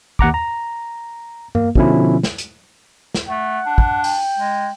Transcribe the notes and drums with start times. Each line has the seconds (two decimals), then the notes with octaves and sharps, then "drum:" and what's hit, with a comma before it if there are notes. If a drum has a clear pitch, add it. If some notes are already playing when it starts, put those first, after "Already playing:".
0.19 D#2 F#5 A#5 D6, drum: kick
0.34 A#5
1.55 A#3, drum: tom G2
1.75 B2 D3 F3 C#4 E4, drum: kick
2.23 drum: snare
2.38 drum: hi-hat
3.15 drum: snare
3.29 A3 F#5
3.66 D4
3.78 drum: kick
4.04 G5, drum: open hi-hat
4.38 G#3